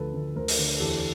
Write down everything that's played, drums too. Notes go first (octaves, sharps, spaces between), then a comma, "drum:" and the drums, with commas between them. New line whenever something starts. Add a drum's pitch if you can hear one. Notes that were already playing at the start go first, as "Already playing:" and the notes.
Already playing: D2 D3 F3 A3 A4 B4
D2
D2 A#4 C5
drum: open hi-hat
D3
E2 G4 A4